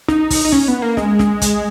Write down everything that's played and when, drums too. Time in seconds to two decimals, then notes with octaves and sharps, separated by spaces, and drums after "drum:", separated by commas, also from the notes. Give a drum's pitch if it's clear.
0.08 D#4, drum: snare
0.30 drum: kick, open hi-hat
0.45 D#4
0.52 C#4, drum: snare
0.68 B3
0.82 A#3
0.97 G#3, drum: snare
1.19 drum: snare
1.41 drum: kick, hi-hat